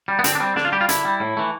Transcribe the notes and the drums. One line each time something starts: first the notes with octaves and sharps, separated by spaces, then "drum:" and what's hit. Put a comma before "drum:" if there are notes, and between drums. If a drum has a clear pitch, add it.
G3
B3
D3 C4, drum: hi-hat
D4
G3 C4
D3 D4, drum: snare
F4
G3 G4
F4
D3 E4, drum: hi-hat
G3
A2
E3 A3